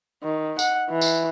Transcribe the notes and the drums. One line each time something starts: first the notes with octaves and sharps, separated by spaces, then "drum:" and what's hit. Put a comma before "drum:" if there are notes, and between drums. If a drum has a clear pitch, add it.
D#3
F#5, drum: tambourine
E3
drum: tambourine